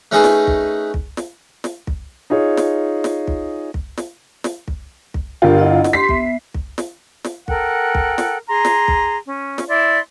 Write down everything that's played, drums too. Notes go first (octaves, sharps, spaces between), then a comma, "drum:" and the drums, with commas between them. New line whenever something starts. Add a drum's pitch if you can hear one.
A3 C#4 D#4 G#4 A4 B4
drum: snare
drum: kick
drum: kick
drum: snare
drum: snare
drum: kick
D#4 F4 G#4 C#5
drum: snare
drum: snare
drum: kick
drum: kick
drum: snare
drum: snare
drum: kick
drum: kick
G1 F4 G4 A#4
E4 D#5 F#5
drum: snare
G4 C6 B6 C7
B3 E5, drum: kick
drum: kick
drum: snare
drum: snare
A4 A#4 F#5 G5, drum: kick
drum: kick
drum: snare
G#4 A#5 C6
drum: snare
drum: kick
C#4
drum: snare
E4 D5 C6